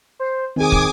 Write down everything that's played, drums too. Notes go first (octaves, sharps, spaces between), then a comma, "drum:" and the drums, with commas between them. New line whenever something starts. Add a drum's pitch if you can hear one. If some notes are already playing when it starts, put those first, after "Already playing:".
C5
D#3 C4 G#4 G#5 D6 D#6
drum: kick